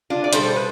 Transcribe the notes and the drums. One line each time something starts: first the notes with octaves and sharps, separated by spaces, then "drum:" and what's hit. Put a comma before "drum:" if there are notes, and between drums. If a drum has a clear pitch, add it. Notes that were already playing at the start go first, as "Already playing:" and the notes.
D4 F4
D5
B2 G3 A4 C5, drum: hi-hat
B4